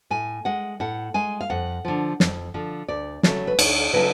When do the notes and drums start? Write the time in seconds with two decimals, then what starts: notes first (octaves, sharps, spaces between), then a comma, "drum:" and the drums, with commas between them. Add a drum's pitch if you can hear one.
0.10 A2 G#5
0.45 G#3 F#5
0.80 A2 F#5
1.14 G#3 G#5
1.41 F5
1.50 F2 F#5
1.85 D3 F3
2.20 F2, drum: snare
2.54 D3 F3
2.88 D2 D5
3.23 C#3 F#3 A3 C#5, drum: snare
3.47 B4
3.59 D2 C#5, drum: cymbal
3.93 C#3 F#3 A3 B4